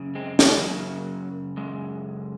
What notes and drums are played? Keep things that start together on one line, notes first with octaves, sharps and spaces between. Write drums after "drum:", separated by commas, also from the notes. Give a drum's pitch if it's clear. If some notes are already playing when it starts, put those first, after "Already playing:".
Already playing: F#2 C#3
G#3 C4
A#3, drum: snare
G#3
F#2 C#3 F#3 A#3
F#2 C#3 G#3